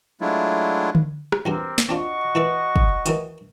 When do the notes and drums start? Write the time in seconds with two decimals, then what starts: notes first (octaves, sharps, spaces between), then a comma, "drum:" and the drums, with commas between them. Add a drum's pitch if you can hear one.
0.21 F#3 G#3 A3 D4 E4 F4
0.95 drum: tom D3
1.32 drum: rim click
1.46 E2 G2 F#3 C4 G4 A#4
1.78 drum: snare
1.89 C4 D4 F4 F#4 D#5 C#6
2.35 E3 E4 B4
2.76 drum: kick
3.06 D#3 E3 F#3, drum: hi-hat